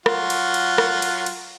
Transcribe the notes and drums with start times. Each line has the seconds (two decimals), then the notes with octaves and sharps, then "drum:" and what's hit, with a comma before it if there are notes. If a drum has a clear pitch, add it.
0.06 F#3 F4 F#5, drum: rim click
0.30 drum: cymbal
0.54 drum: cymbal
0.78 drum: rim click
1.02 drum: cymbal
1.26 drum: cymbal